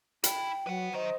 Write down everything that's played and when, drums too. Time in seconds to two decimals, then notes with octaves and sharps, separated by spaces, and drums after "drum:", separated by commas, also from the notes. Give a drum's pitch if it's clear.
0.24 E4 G5, drum: hi-hat
0.67 F#3 B4 F#5
0.93 D#3 D#4 C5 D#5